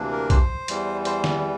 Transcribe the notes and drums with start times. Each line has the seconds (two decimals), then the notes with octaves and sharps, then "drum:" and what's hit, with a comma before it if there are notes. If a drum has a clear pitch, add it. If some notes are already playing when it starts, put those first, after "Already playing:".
Already playing: D2 C3 E3 A#3 D4
0.12 A#4
0.30 C5, drum: kick, hi-hat
0.68 E2 E3 G3, drum: hi-hat
1.05 C5, drum: hi-hat
1.24 drum: snare